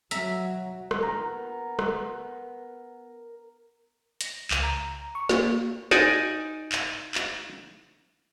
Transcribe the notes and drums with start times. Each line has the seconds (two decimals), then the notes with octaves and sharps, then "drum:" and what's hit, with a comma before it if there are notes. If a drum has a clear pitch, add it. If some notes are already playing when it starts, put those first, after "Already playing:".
0.11 F#3 E5 A#5, drum: hi-hat
0.91 drum: rim click
1.03 B3 A#4
1.79 drum: rim click
4.21 A#6, drum: hi-hat
4.51 C#2, drum: clap
4.63 A#5
5.15 C#6
5.29 A#3, drum: snare
5.91 D#4 D5 G#5, drum: snare
6.72 drum: clap
7.15 drum: clap